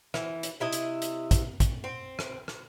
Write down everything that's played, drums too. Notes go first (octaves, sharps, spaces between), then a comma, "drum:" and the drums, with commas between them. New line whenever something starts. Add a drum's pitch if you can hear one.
E3, drum: rim click
drum: hi-hat
C3 E4 D#5
drum: hi-hat
drum: hi-hat
drum: kick, hi-hat
drum: kick, hi-hat
C4
drum: rim click
drum: rim click